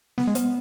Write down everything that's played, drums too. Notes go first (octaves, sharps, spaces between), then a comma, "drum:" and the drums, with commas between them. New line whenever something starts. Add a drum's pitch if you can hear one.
B3, drum: snare
G#3
B3, drum: hi-hat